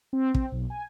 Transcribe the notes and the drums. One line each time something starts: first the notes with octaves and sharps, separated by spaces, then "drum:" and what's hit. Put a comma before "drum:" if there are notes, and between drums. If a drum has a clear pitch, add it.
C4
C4, drum: kick
B1
G#5